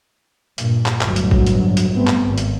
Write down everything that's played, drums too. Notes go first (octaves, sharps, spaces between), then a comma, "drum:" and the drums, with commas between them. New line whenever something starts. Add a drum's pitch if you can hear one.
G2 A#2, drum: hi-hat
drum: clap
G1 D2 A2 F#3, drum: clap
drum: hi-hat
drum: kick
drum: hi-hat
drum: hi-hat
G2 A3 B3 C4
drum: clap
G#1
drum: hi-hat